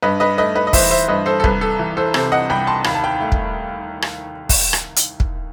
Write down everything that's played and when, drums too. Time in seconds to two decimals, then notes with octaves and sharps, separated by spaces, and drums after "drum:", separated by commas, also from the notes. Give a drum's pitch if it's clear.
0.03 G2 B4 D#5
0.20 B4 D#5
0.38 A3 B4 D#5
0.55 B4 D#5
0.67 D#5
0.73 E3 C5 E5, drum: kick, open hi-hat
0.91 C5 E5
1.08 G2 B4 D#5
1.26 A4 C5
1.40 A4
1.44 C2 B4, drum: kick
1.61 A4
1.79 E3
1.97 A4 C5
2.14 C3 A4 C5, drum: rim click
2.32 D#5 F#5
2.50 C2 G5 B5
2.67 A5 C6
2.84 D#2 B5, drum: rim click
2.94 A5
3.04 G5 B5
3.20 A3
3.32 drum: kick
4.02 drum: rim click
4.49 drum: kick, open hi-hat
4.73 drum: rim click
4.96 drum: hi-hat
5.20 drum: kick